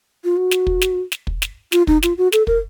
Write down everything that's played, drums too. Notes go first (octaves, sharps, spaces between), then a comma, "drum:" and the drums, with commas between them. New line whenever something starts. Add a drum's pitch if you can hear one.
F4
F#4
drum: snare
drum: kick
drum: snare
drum: snare
drum: kick
drum: snare
F4, drum: snare
D#4, drum: kick
F4, drum: snare
F#4
A4, drum: snare
A#4, drum: kick